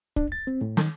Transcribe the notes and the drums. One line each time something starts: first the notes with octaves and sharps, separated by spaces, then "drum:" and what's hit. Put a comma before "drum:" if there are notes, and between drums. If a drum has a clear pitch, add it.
D4, drum: kick
A6
C4
A2
D#3, drum: snare